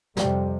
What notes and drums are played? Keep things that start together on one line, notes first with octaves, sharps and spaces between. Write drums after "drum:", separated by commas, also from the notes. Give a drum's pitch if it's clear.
F2 C3 G3, drum: snare